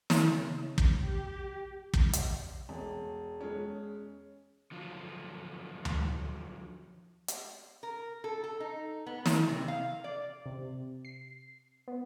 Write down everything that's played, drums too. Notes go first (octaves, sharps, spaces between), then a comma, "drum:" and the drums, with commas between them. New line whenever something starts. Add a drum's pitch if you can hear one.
drum: snare
C#3
C#3
drum: kick
G4
drum: kick
drum: hi-hat
E1
G#3 C#4
D3 F3 F#3 F4
drum: tom D2
drum: hi-hat
A#4
A4
A4
D#4
B3
D#3, drum: snare
C3
F5
D5
C3
C7
B3